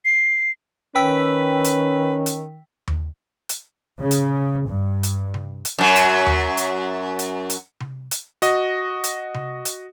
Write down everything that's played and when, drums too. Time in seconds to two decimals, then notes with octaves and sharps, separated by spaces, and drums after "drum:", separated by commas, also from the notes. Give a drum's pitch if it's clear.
0.05 C7
0.95 D#3 C#4 B4 G5 E6 B6
1.64 drum: hi-hat
2.26 drum: hi-hat
2.88 drum: tom D#2
3.49 drum: hi-hat
4.01 C#3
4.11 drum: hi-hat
4.68 G2
5.03 drum: hi-hat
5.34 drum: tom C3
5.65 drum: hi-hat
5.78 F#2 F#3
5.96 drum: hi-hat
6.26 drum: tom D#2
6.57 drum: hi-hat
7.19 drum: hi-hat
7.50 drum: hi-hat
7.80 drum: tom C3
8.11 drum: hi-hat
8.42 F#4 D#5, drum: hi-hat
9.04 drum: hi-hat
9.34 drum: tom C3
9.65 drum: hi-hat